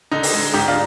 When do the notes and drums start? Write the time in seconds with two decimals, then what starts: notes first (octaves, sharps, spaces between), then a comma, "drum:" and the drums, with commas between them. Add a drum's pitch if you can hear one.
0.12 D3 D#4
0.23 drum: open hi-hat
0.33 G#3
0.53 G#2 D#4 G4
0.68 D4 F4